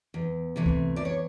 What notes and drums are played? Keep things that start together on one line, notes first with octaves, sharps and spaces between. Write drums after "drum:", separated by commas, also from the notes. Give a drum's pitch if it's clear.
E2
C3 E3 A3
drum: kick C#2
E2 D5
C#5